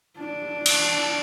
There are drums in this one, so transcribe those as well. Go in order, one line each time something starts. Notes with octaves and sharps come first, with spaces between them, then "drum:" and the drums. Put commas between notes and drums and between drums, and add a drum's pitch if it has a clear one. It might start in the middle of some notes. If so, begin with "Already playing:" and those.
D4
drum: cymbal